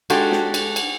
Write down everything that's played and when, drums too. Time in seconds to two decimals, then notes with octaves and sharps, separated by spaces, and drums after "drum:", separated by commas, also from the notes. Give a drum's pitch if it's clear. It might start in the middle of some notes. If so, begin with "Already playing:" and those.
0.10 G#3 D4 F#4 G4 A4, drum: cymbal
0.32 drum: snare
0.54 drum: cymbal
0.76 drum: cymbal